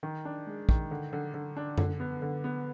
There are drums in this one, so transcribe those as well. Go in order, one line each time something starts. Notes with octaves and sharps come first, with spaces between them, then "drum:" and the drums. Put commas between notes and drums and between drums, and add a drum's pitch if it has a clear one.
D#3
D4
G#3
D#3, drum: kick
D3
D3
D3
D4
D3, drum: tom F#2
B3
D3
B3